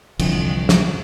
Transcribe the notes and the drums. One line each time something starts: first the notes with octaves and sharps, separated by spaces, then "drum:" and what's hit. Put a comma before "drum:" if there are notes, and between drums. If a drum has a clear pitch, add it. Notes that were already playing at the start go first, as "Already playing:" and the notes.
C2 F2 D3 E3, drum: cymbal
drum: snare